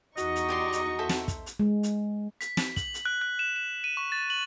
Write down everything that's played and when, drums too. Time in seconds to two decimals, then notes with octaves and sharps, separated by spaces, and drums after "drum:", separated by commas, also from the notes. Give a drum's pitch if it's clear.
0.17 E2 D#4 F#4 D#5 C#6, drum: hi-hat
0.35 drum: hi-hat
0.49 G4 D5 C6
0.72 drum: hi-hat
0.99 A4 C5 E5
1.09 drum: snare
1.28 drum: kick, hi-hat
1.46 drum: hi-hat
1.60 G#3
1.83 drum: hi-hat
2.41 B6, drum: hi-hat
2.57 drum: snare
2.76 F#7, drum: kick, hi-hat
2.94 drum: hi-hat
3.05 F#6
3.21 F#6
3.39 E7
3.56 E7
3.84 D#7
3.97 C#6
4.12 A6
4.30 F#7